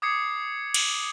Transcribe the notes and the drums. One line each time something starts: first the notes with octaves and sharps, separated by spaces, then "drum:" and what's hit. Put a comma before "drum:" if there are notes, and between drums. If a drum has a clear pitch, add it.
D6 D#6 G#6 C7 C#7
drum: cymbal